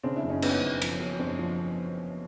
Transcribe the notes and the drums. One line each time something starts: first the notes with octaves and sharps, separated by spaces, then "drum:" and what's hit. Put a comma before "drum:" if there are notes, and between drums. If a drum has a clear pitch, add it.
C#3 C4 D4
D4 E4
F#1
C#4 D#4
F#2 B3 C#4, drum: cymbal
F#1
F3, drum: cymbal
F#2
F#1 C4 D4
F3